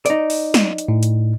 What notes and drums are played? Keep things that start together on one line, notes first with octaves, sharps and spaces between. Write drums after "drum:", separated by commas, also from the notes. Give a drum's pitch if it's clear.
D#4 D5, drum: hi-hat
drum: open hi-hat
drum: snare
drum: hi-hat
A2
drum: hi-hat